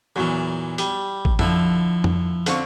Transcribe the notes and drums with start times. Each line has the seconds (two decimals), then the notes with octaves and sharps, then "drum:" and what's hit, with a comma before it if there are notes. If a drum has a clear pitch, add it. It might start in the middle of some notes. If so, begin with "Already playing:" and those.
0.16 E2 A#2 E3 F#3
0.78 G3, drum: hi-hat
1.25 drum: kick A1
1.39 D3 F3 E4, drum: tom F2
2.04 drum: tom F2
2.46 D3 C4 F4 C#6, drum: hi-hat